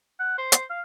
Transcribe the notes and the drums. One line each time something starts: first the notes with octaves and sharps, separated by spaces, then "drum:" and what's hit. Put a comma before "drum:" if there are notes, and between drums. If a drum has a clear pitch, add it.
F#5
C5
drum: hi-hat
F5